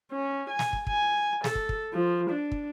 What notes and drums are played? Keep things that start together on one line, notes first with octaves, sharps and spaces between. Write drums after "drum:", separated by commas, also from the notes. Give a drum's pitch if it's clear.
C#4
G#5
drum: snare
drum: kick
G#5, drum: kick
A4, drum: snare
drum: kick
drum: kick
F3
D4
drum: kick